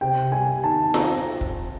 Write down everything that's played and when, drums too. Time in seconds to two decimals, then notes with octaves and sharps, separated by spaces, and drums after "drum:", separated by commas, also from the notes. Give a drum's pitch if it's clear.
0.01 C3 G5
0.32 G3 G#5
0.63 D#3 A5
0.94 C4 A#5, drum: snare F4
1.41 drum: kick